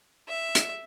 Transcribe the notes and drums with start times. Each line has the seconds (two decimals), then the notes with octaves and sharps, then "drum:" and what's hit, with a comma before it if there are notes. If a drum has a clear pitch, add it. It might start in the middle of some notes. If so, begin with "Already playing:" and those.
0.28 E5
0.55 drum: hi-hat